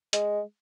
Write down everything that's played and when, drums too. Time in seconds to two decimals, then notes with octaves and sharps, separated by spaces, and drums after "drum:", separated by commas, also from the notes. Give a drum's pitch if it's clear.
0.13 G#3, drum: hi-hat